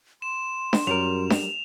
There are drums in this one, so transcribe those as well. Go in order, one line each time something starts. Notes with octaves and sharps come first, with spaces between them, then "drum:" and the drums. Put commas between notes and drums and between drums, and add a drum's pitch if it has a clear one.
C6 E7
drum: snare D4
F#2 F#3 G3 A#4 F7
drum: snare D4